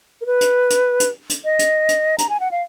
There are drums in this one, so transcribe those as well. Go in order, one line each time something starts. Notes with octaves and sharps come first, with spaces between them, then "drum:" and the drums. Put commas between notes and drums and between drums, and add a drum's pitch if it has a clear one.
A#4
B4
drum: hi-hat
drum: hi-hat
drum: hi-hat
drum: hi-hat
D#5
drum: hi-hat
drum: hi-hat
A#5, drum: hi-hat
G#5
F#5
F5